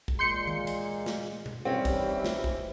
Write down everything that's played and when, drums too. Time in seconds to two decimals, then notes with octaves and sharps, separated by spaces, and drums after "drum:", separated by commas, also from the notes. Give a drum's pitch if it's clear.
0.08 drum: kick
0.19 A#2 G#3 C6 G6 C#7
0.47 drum: tom D#3
0.67 drum: cymbal
1.06 drum: snare
1.46 drum: tom B2
1.65 D#2 E3 G3 C4 C#4
1.85 drum: kick, cymbal
2.24 drum: snare
2.44 drum: kick